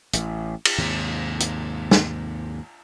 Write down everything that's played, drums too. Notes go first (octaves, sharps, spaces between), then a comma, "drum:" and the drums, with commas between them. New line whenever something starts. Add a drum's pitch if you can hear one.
A1, drum: hi-hat
drum: cymbal
D#2 G#2 C3
drum: hi-hat
drum: snare